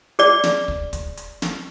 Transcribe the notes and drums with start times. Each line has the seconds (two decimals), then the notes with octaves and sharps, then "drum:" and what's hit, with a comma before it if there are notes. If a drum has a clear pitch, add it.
0.19 G#4 D5, drum: hi-hat
0.43 drum: snare
0.68 drum: kick
0.93 drum: kick, hi-hat
1.17 drum: hi-hat
1.42 drum: snare